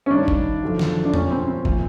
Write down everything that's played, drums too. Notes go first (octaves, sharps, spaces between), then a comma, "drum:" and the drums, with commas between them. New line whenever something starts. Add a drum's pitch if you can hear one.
C#4
G2 D#3 D4
drum: kick
F#2 D3 F3
drum: snare
D4
A#2 F3 C#4, drum: tom E2
C4
C4
A#2 F3, drum: kick